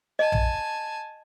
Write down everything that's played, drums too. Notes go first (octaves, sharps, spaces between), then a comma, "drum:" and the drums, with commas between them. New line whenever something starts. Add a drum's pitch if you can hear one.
D#5 G#5 A5
drum: tom A#1